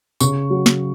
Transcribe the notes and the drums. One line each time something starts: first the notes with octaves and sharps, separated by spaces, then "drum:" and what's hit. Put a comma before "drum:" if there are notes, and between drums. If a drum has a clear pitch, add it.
C#3 C#6, drum: tambourine
F#3
drum: snare